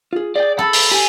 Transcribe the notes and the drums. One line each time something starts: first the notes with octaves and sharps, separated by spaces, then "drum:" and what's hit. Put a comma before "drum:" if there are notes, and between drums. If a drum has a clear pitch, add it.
F4 G#4
G#4 D5 G5
A4 B5
drum: open hi-hat
G4 G#5